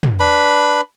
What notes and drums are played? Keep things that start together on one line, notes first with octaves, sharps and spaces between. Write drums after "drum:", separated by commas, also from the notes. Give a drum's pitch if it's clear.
drum: tom
D4 B4 B5